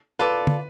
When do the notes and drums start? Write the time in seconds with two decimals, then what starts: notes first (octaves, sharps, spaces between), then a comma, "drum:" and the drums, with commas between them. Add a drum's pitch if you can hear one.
0.19 F4 A4 B4 D5
0.47 drum: tom